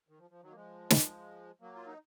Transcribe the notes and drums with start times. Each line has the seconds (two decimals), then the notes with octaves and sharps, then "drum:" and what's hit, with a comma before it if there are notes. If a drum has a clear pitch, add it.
0.09 D#3
0.19 F3
0.31 F3
0.42 D#3 F#3
0.51 A#3
0.55 F3 G#3
0.90 drum: snare
1.61 F#3 A#3
1.75 F4
1.87 D#4